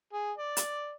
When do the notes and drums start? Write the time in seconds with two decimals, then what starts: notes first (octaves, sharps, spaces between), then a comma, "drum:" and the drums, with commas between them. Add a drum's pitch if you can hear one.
0.13 G#4
0.38 D5
0.57 drum: hi-hat